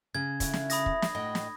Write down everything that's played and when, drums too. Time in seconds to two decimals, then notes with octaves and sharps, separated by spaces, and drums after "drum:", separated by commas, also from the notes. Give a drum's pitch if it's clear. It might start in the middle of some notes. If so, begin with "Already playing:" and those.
0.15 C#3 G#6
0.40 A3 E4 F#4, drum: kick, hi-hat
0.54 drum: snare
0.70 B5 D#6 A#6, drum: hi-hat
0.86 drum: kick
1.02 drum: snare
1.15 A2 F#4 D#5 G5
1.35 drum: snare